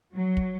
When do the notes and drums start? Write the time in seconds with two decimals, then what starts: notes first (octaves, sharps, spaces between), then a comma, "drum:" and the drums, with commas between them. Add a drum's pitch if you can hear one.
0.14 F#3
0.37 drum: kick